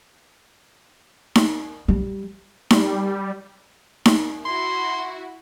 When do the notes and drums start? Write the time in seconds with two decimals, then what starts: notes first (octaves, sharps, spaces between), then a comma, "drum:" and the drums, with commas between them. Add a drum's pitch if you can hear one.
1.35 drum: snare D#4
1.88 G3
2.71 G3, drum: snare D#4
4.06 drum: snare D#4
4.45 E4 F#4 C6